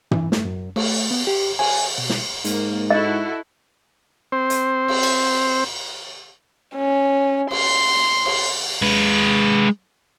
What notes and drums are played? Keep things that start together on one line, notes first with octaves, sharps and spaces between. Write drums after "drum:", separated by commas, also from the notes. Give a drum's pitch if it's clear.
E3, drum: tom
A3, drum: snare
F#2
A3, drum: cymbal
B3
G4
G#5, drum: cymbal
B2
drum: snare
G#2 A#3, drum: hi-hat
E4 F#4 A4 D#5
C4 C5
drum: hi-hat
drum: cymbal
drum: cymbal
C#4
C6, drum: cymbal
drum: cymbal
G#3 B4